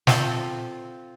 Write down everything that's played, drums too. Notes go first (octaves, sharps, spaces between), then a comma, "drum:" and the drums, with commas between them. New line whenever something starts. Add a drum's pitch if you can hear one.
C4 F4 A4, drum: snare